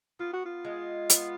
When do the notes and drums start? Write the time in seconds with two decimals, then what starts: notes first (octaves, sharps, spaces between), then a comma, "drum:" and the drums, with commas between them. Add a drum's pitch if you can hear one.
0.19 B3 F4
0.33 F#4
0.46 F4
0.65 G#3
1.10 B3, drum: hi-hat